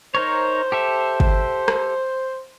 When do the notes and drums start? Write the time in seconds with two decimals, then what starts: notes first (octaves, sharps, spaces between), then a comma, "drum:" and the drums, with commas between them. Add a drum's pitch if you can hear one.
0.15 D#4 A#4 C5 C#5
0.72 G4 A4 E5
1.20 drum: kick
1.68 drum: rim click